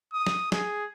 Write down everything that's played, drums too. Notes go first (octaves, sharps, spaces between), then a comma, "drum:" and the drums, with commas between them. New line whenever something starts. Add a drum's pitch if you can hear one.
D#6
drum: snare
G#4, drum: snare